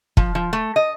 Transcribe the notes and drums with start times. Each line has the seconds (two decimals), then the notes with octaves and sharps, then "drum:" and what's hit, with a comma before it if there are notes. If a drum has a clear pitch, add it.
0.17 F3, drum: kick
0.35 F3
0.53 A3
0.76 D#5